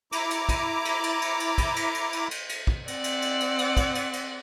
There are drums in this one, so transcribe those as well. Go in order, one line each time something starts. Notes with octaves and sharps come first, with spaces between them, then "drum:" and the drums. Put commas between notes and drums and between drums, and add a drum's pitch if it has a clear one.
E4 A#5 D6, drum: cymbal
drum: cymbal
drum: kick, cymbal
drum: cymbal
drum: cymbal
drum: cymbal
drum: cymbal
drum: kick, cymbal
drum: cymbal
drum: cymbal
drum: cymbal
drum: cymbal
drum: cymbal
drum: kick
C4 D5 F#5, drum: cymbal
drum: cymbal
drum: cymbal
drum: cymbal
drum: cymbal
drum: kick, cymbal
drum: cymbal
drum: cymbal